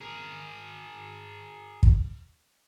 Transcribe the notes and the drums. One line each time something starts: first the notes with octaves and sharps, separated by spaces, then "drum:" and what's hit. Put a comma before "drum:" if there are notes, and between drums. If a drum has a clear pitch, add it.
G#4 A#4
drum: kick